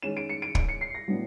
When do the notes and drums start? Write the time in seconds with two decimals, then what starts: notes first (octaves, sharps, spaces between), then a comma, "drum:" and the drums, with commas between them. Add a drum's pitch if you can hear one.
0.02 D#3 G#3 C#4 E7
0.17 D7
0.29 C#7
0.42 D7
0.55 D7, drum: kick
0.69 C#7
0.81 C7
0.95 A#6
1.08 A2 F#3 B3 D4